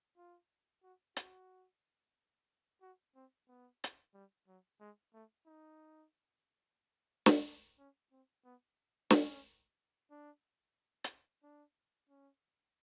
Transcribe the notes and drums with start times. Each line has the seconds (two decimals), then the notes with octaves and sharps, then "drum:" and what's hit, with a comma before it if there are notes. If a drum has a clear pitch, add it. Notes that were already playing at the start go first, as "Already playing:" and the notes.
0.17 F4
0.83 F#4
1.16 F#4, drum: hi-hat
2.82 F#4
3.15 C4
3.48 B3
3.84 drum: hi-hat
4.14 G3
4.48 F#3
4.80 G#3
5.14 A3
5.46 D#4
7.26 drum: snare
7.45 D4
7.78 C#4
8.12 C4
8.45 B3
9.10 C#4, drum: snare
10.10 D4
11.04 drum: hi-hat
11.43 D4
12.09 C#4